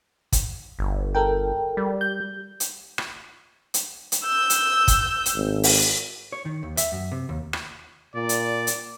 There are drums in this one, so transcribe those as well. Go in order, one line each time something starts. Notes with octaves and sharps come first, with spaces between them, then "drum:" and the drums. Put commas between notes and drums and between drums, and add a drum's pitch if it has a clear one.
drum: kick, hi-hat
G1
A4 A#4 G5
G3
G6
drum: hi-hat
drum: rim click
drum: hi-hat
drum: hi-hat
E6 G6
drum: hi-hat
drum: kick, hi-hat
drum: hi-hat
G#1
drum: open hi-hat
C#5
D#3
D#2
E5, drum: hi-hat
F#2
C3
D#2
drum: rim click
A#2 D5
drum: hi-hat
drum: hi-hat